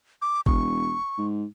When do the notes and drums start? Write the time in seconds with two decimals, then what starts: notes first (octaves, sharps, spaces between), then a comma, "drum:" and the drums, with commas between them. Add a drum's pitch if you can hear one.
0.22 D6
0.46 E1 C#6, drum: kick G#1
1.18 G#2